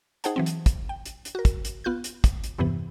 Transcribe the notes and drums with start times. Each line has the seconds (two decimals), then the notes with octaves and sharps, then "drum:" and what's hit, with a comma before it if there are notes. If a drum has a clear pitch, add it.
0.24 D#4 G#4 C5 F#5 G5 A5, drum: hi-hat
0.36 E3 F#3 C4
0.46 drum: hi-hat
0.66 drum: kick, hi-hat
0.89 G5
1.06 drum: hi-hat
1.25 drum: hi-hat
1.35 F#4 A#4
1.45 drum: kick, hi-hat
1.65 drum: hi-hat
1.84 B3 F4 F#6 G6
2.04 drum: hi-hat
2.24 drum: kick, hi-hat
2.44 drum: hi-hat
2.58 E2 G2 C3 E3 B3